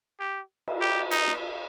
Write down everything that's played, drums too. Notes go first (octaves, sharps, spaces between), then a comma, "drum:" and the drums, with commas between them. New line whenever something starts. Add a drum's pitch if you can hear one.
G4
drum: cymbal
G4
D#4, drum: hi-hat
drum: snare